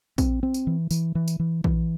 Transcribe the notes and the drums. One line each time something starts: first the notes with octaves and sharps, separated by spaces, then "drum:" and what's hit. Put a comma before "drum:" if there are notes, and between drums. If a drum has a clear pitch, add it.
C4, drum: kick A#1, tambourine
C4
drum: tambourine
E3
E3, drum: tambourine
E3
drum: tambourine
E3
E3, drum: kick A#1